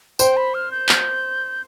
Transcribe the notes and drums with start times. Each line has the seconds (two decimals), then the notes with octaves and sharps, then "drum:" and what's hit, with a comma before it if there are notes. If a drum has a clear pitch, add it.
0.19 C5 G5, drum: tambourine
0.37 B5
0.54 F6
0.72 G6
0.89 drum: clap